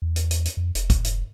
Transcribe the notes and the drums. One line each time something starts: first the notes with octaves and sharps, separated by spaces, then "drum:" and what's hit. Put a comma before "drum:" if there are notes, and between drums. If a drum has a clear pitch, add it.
E2
drum: hi-hat
drum: hi-hat
drum: hi-hat
F2
F1, drum: hi-hat
drum: kick, hi-hat
drum: hi-hat